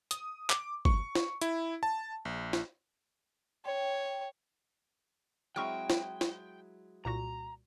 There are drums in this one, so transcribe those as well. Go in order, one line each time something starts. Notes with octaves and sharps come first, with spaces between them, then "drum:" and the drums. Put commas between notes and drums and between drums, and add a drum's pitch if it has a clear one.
D#6, drum: hi-hat
D6, drum: clap
C#6, drum: kick G1
drum: snare
E4, drum: hi-hat
A5
A#1
drum: snare
C#5 G5
F#3 G#3 C4 E4 G5 C#6 F6
drum: snare
drum: snare
C2 A#2 F#4 A#5